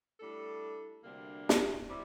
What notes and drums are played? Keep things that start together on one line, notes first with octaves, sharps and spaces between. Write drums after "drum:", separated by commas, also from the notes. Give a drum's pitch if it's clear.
A2 G3 D4 A4
D2 C3 G3 A#3 D4
drum: snare
C3 G3 C4 E4